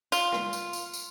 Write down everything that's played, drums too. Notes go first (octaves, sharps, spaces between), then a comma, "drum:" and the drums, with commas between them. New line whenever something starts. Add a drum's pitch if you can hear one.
F4, drum: tambourine
drum: rim click
drum: tambourine
drum: tambourine
drum: tambourine